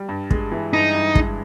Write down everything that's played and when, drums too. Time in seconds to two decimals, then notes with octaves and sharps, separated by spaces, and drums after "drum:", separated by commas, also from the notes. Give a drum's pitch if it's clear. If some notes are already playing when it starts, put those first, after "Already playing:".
Already playing: G3
0.09 G2
0.31 G#3, drum: kick
0.52 E3
0.73 G2 D#4
0.95 G2
1.15 G#3, drum: kick